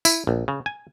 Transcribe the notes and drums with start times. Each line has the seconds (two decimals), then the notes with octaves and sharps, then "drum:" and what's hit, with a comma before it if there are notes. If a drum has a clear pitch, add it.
0.05 E4, drum: tambourine
0.27 A#1
0.48 C#3
0.66 G#5